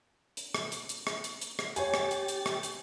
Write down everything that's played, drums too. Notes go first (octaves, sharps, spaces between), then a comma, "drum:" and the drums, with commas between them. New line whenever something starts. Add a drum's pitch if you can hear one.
drum: hi-hat
drum: rim click
drum: hi-hat
drum: hi-hat
drum: rim click
drum: hi-hat
drum: hi-hat
drum: rim click
G4 C#5 G#5 A6, drum: hi-hat
drum: rim click
drum: hi-hat
drum: hi-hat
drum: rim click
drum: hi-hat